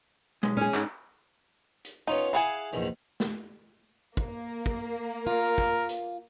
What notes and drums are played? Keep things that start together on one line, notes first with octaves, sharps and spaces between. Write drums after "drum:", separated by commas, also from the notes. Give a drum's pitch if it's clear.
B1 G#3, drum: rim click
C#4 G#4
G#2, drum: clap
drum: hi-hat
B3 C#4 D#4 F4
E4 G#4 F5 F#5 G#5 A5
A#1 E2 D#3
drum: snare
A#3, drum: kick
drum: kick
F4 A#4
drum: kick
drum: hi-hat